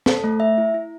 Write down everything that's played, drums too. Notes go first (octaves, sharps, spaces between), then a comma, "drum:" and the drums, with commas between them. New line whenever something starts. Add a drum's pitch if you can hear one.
A4, drum: snare
A3
E5
E4
E4